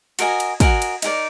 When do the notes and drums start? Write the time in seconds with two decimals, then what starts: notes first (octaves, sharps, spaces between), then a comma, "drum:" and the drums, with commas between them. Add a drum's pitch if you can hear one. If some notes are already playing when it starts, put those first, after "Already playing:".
0.19 F#4 A#4 D#5 G#5, drum: cymbal
0.40 drum: cymbal
0.60 F#4 A#4 D#5 G#5, drum: kick, cymbal
0.82 drum: cymbal
1.02 D#4 G4 A#4 D5, drum: cymbal